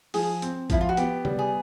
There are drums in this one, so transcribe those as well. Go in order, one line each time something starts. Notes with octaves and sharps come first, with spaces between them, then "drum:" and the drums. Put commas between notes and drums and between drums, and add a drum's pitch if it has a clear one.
F3 G#4, drum: open hi-hat
C4, drum: hi-hat
F3 E4, drum: kick, hi-hat
F4
F#4
B3 G4, drum: hi-hat
G3, drum: tom C3
G#4